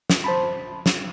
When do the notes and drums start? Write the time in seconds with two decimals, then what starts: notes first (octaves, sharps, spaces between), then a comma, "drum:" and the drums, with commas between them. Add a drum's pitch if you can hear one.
0.10 drum: snare
0.24 C5 A5 B5
0.86 drum: snare